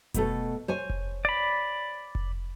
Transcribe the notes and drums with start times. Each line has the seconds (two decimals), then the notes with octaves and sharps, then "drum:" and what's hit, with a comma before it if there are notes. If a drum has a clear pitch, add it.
0.14 B2 A3 A4, drum: kick F1, hi-hat
0.68 C5 C#5 G#5
0.90 drum: kick F1
1.25 D5 B5
2.15 drum: kick F1